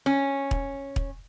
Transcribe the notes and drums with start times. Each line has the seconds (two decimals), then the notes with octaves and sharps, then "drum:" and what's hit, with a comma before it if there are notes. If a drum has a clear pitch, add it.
0.06 C#4
0.51 drum: kick
0.96 drum: kick